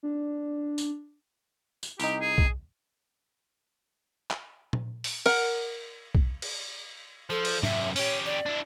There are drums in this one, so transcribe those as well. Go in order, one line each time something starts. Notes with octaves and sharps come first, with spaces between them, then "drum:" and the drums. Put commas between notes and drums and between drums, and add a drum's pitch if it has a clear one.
D4
drum: tambourine
drum: tambourine
C2 D#4 G4, drum: tambourine
G#4
drum: kick B1
drum: clap
drum: tom A#2
drum: open hi-hat
A#4 F#5, drum: cymbal
drum: kick B1
drum: cymbal
F3 A4
drum: cymbal
F#2 C3 E5, drum: tom G#2
C#4 G4 C#5, drum: open hi-hat
D5
D4 E4